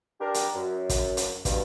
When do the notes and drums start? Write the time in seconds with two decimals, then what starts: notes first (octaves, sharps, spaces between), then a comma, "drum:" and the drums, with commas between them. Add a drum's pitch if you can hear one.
0.21 D4 G4 A#4
0.34 drum: hi-hat
0.56 F#2
0.89 drum: kick, hi-hat
1.17 drum: hi-hat
1.45 G2 B2, drum: kick, hi-hat